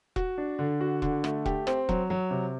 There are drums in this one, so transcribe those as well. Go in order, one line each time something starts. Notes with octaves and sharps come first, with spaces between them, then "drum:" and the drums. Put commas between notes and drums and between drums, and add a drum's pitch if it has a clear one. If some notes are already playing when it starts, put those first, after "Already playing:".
F#4, drum: kick E1
D4
D3
F#4
D3, drum: kick E1
A3, drum: rim click
G4, drum: kick E1
C4, drum: rim click
F#3, drum: kick E1
F#3
C3